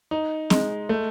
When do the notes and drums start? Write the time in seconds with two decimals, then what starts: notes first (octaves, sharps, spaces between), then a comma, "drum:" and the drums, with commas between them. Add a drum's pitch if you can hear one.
0.11 D#4
0.50 G#3, drum: snare C4
0.89 A3